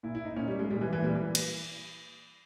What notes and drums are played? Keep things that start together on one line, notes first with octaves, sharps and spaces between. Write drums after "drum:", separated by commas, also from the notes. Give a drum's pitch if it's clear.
A#2 E4
E4
D#4
A#2 C#4
G3
G#3
A#2 G3
E3
E3
A#2 G3
E3
drum: cymbal